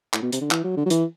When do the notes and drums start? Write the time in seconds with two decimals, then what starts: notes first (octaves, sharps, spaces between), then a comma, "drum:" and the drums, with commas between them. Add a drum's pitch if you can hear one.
0.14 A2, drum: clap
0.22 B2
0.32 C3, drum: hi-hat
0.41 D3
0.51 E3, drum: clap
0.64 F#3
0.77 D3
0.86 F#3
0.90 E3, drum: hi-hat